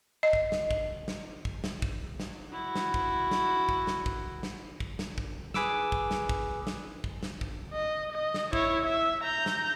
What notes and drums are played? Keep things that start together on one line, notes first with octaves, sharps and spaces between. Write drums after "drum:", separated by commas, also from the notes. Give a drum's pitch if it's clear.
D#5
drum: kick
drum: snare
drum: kick
drum: snare
drum: kick
drum: snare
drum: kick
drum: snare
E4 F#4
drum: snare
drum: kick
drum: snare
drum: kick
drum: snare
drum: kick
drum: snare
drum: kick
drum: snare
drum: kick
G#4 B4 D6 E6, drum: snare
drum: kick
drum: snare
drum: kick
drum: snare
drum: kick
drum: snare
drum: kick
D#5
D#5
drum: snare
E4 C#5, drum: kick
E5
A#5 G6
drum: snare